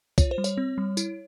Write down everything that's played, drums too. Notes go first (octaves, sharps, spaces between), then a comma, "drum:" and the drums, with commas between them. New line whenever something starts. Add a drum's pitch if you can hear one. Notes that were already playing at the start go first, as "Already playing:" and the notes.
F4 C#5, drum: kick, tambourine
C5
G3
C#5, drum: tambourine
C4
G3
E4, drum: tambourine